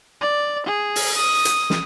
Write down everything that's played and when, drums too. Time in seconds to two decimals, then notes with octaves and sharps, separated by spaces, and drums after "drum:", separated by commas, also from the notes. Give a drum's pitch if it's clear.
0.21 D5
0.66 G#4
0.96 drum: open hi-hat
1.17 D#6
1.45 drum: hi-hat
1.70 drum: snare